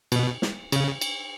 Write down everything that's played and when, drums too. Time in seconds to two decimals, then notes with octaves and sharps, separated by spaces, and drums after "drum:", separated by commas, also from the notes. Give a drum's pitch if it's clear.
0.12 B2, drum: cymbal
0.42 drum: snare
0.72 C#3, drum: cymbal
1.01 drum: cymbal